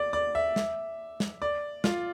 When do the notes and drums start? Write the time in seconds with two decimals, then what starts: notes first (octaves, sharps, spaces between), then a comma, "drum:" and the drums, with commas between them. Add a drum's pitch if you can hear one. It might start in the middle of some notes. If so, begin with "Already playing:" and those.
Already playing: D5
0.13 D5
0.35 E5
0.56 drum: snare
1.20 drum: snare
1.42 D5
1.84 F4, drum: snare